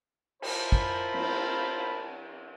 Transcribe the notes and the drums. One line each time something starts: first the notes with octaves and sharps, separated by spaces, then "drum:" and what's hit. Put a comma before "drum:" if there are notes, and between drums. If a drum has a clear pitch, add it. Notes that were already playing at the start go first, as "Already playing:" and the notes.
E4 F4 A#4 C5 A5 B5, drum: cymbal
drum: kick
drum: cymbal